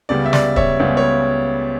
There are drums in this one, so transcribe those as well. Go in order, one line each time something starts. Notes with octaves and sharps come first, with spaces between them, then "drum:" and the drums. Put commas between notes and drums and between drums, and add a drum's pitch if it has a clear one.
C#2 C#3 G3 B3 D5
E5
D5, drum: snare
C#5 E5, drum: kick
C#2 C#3 G3 B3
C#5